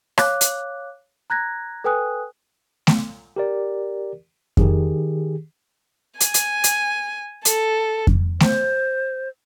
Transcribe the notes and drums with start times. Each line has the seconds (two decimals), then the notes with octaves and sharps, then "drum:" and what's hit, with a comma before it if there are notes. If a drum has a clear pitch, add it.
0.18 C#5 F5 D6 F#6, drum: rim click
0.41 drum: hi-hat
1.30 A#5 F#6 G#6 A#6
1.84 A4 B4 G5 G#5 D#6 F#6
2.87 drum: snare A3
3.36 G4 A#4 D5
4.57 D#3 G4 G#4, drum: kick F2
6.20 G#5, drum: hi-hat
6.34 drum: hi-hat
6.64 drum: hi-hat
7.45 A4, drum: hi-hat
8.07 drum: kick F2
8.40 C5, drum: snare A3